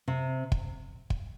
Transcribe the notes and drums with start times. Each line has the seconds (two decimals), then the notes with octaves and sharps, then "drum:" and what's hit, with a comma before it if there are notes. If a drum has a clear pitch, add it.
0.08 C3
0.52 drum: kick
1.10 drum: kick